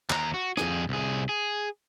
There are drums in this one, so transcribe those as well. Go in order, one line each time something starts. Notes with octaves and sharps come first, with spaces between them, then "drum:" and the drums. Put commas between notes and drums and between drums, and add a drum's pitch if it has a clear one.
D#2 A#5, drum: clap
F#4
F2 G#4, drum: rim click
C2 G#4
G#4